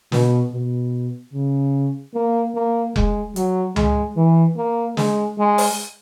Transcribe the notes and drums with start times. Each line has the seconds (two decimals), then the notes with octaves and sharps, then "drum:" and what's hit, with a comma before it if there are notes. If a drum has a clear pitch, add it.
0.12 B2, drum: snare
0.52 B2
1.33 C#3
2.14 A#3
2.55 A#3
2.96 G#3, drum: kick F1
3.36 F#3, drum: hi-hat
3.76 G#3, drum: tom C#2
4.16 E3
4.57 A#3
4.97 G#3, drum: snare
5.38 G#3
5.58 drum: open hi-hat